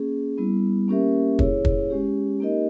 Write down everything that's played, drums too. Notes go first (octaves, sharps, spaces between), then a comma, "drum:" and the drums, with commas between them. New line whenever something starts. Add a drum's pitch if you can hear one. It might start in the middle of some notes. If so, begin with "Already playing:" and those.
Already playing: A#3 C#4 G#4
G3 B3 E4
A#3 C#4 G4 A#4 E5
E4 G#4 C#5, drum: kick
drum: kick
G#3 C#4 G4
A#3 D#4 G4 A#4 D#5